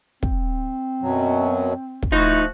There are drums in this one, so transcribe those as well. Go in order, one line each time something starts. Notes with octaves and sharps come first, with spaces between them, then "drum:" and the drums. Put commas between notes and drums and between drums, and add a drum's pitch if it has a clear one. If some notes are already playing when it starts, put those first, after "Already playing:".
C4, drum: kick
F#2 B2 F#3
drum: kick
F3 A3 D#4 E4 F#4